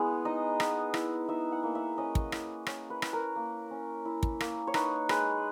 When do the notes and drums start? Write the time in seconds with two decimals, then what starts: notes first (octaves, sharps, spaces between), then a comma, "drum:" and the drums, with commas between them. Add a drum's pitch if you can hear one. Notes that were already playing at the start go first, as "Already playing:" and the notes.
Already playing: G#3 B3 E4 G#4
0.25 D#4 D#5
0.60 B3, drum: rim click
0.94 E4, drum: rim click
1.29 D#4 E5
1.52 F#5
1.63 A#3
1.75 E5
1.98 C#4 D#5
2.15 drum: kick
2.32 E4, drum: rim click
2.66 C#4 C#5, drum: rim click
2.90 B4
3.02 E4, drum: rim click
3.13 A#4
3.36 A#3
3.71 C#4
4.05 E4
4.23 drum: kick
4.40 A#3, drum: rim click
4.67 C#5
4.74 D#4 B4, drum: rim click
5.09 G#3 B4, drum: rim click